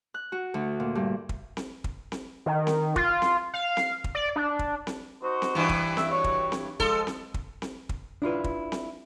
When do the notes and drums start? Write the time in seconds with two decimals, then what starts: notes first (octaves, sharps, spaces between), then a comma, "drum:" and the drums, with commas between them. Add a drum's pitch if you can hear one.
0.14 F#6
0.32 F#4
0.54 D2
0.80 A#2
0.95 G2
1.29 drum: kick
1.57 drum: snare C4
1.84 drum: kick
2.12 drum: snare C4
2.46 D#3
2.67 drum: snare C4
2.96 F4, drum: kick
3.22 drum: snare C4
3.54 F5
3.77 drum: snare C4
4.04 drum: kick
4.15 D5
4.36 D4
4.59 drum: kick
4.87 drum: snare C4
5.22 D#4 F#4 C5
5.42 drum: snare C4
5.55 G2 E3
5.69 drum: kick
5.97 E5, drum: snare C4
6.12 F#4 C#5
6.24 drum: kick
6.52 drum: snare C4
6.80 F3 G#3 A4, drum: kick
7.07 drum: snare C4
7.34 drum: kick
7.62 drum: snare C4
7.89 drum: kick
8.22 D4 E4 F4 B4
8.44 drum: kick
8.72 drum: snare C4